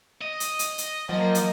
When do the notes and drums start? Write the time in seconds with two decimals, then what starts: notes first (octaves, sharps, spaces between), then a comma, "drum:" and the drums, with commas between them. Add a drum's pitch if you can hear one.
0.21 D#5
0.40 drum: hi-hat
0.59 drum: hi-hat
0.78 drum: hi-hat
1.09 F3 F#3 A#3 D#5
1.35 drum: hi-hat